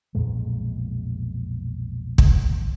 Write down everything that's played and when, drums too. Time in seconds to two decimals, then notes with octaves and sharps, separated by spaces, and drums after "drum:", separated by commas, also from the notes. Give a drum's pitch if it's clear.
0.15 B1 F2 A#2 G#3
2.18 drum: kick